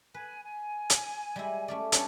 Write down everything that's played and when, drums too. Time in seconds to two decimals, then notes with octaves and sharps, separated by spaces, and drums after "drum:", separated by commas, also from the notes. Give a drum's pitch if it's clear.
0.14 B4 G#5
0.44 G#5
0.90 drum: hi-hat
1.36 G3 G#3 E4
1.68 A3 C#4 D5
1.92 G3 B3 C#4 D4 A4, drum: hi-hat